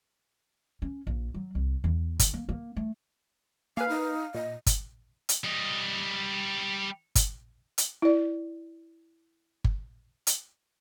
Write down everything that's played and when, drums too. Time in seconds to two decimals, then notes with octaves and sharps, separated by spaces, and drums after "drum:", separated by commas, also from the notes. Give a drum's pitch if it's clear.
0.82 C#4
1.07 A#1
1.34 F#3
1.55 C2
1.84 E2
2.19 D3, drum: kick G1, hi-hat
2.34 A#3
2.49 A#3
2.76 A3
3.77 A#3 B4 F5 G#5
3.89 D#4
4.34 A#2 D#5
4.66 drum: kick G1, hi-hat
5.29 drum: hi-hat
5.44 G3 D#5
7.15 drum: kick G1, hi-hat
7.78 drum: hi-hat
8.02 E4 D5
9.64 drum: kick G1
10.27 drum: hi-hat